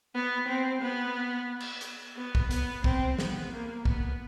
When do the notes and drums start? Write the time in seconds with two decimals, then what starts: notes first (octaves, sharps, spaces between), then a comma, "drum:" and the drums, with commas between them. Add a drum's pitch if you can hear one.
0.14 B3
0.48 C4
0.81 B3
1.60 drum: cymbal
1.81 drum: hi-hat
2.17 B3
2.35 drum: kick
2.51 B3, drum: hi-hat
2.84 C4, drum: kick
3.19 B3, drum: snare
3.52 A#3
3.85 B3, drum: kick